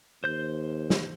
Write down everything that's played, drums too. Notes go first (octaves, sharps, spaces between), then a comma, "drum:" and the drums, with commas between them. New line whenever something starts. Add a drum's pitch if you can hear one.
D#2 C5 G6
drum: snare